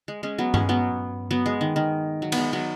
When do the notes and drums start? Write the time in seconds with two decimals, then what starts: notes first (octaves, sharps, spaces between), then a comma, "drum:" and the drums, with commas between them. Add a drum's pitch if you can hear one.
0.08 G#3
0.23 G#3 C#4
0.38 F#3 B3
0.54 G#3 C#4, drum: tom G2
0.69 F#3 B3
1.31 F#3 B3
1.46 G#3
1.61 D#3
1.76 D#3
2.22 F#3
2.32 B3, drum: cymbal
2.38 G#3
2.53 F#3 B3